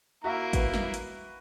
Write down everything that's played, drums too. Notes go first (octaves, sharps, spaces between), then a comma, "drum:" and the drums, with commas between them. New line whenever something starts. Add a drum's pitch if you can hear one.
A#3 E4 F#4 E5 A#5
F#4 B4, drum: kick G#1, hi-hat
drum: snare
drum: hi-hat